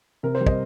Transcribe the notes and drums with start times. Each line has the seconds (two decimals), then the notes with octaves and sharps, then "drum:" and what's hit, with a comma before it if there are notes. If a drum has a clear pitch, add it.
0.23 C3 A#4
0.35 C5
0.41 G3
0.47 D#5, drum: kick